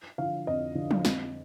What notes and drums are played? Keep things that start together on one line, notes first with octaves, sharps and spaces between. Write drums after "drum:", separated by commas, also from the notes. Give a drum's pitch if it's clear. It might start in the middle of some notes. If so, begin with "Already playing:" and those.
D3 F3 F5
F2 D#5
D3 F3
drum: tom F3
F2, drum: snare